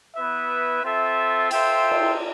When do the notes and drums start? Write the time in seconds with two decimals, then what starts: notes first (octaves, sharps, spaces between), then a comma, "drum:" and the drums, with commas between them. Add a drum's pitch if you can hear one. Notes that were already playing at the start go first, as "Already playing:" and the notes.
0.15 B3 E4 B4 E5
0.83 C4 F4 A4 E5
1.51 F4 A4 C5 E5 G5, drum: cymbal
1.91 drum: cymbal